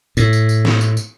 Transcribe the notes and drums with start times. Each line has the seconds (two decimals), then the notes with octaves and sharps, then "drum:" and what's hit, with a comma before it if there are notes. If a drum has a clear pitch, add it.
0.17 A2, drum: tambourine
0.33 drum: tambourine
0.49 drum: tambourine
0.65 drum: snare
0.81 drum: tambourine
0.97 drum: tambourine